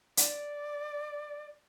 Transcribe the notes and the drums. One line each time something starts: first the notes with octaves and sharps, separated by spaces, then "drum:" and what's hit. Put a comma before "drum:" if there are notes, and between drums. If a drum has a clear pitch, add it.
D5, drum: hi-hat